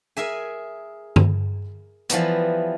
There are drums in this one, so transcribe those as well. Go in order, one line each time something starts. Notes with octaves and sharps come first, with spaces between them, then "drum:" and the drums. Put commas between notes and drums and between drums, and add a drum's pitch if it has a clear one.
G#4 A#4 E5 G#5
drum: tom G2
E3 F3 G3 B3, drum: hi-hat